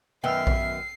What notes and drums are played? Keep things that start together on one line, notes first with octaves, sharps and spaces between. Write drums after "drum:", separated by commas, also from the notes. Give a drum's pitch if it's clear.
F#2 D#3 B3 E5 G5 E6 F6 C7
drum: kick A#1